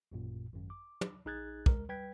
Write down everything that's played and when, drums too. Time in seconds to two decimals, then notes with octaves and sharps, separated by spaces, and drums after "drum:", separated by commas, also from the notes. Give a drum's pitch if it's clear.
0.12 A1 F#2 A#2
0.53 G#1 F#2
0.70 D6
1.01 drum: tom
1.25 A#1 D#4 G#4 F#6 G#6 A6
1.66 G#3 A#4, drum: kick
1.89 G3 B4 G5 G#6 B6